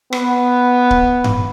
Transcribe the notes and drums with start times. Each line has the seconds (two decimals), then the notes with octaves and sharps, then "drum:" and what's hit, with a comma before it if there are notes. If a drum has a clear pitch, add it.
0.13 B3, drum: rim click
0.91 drum: kick C#1
1.24 drum: tom G2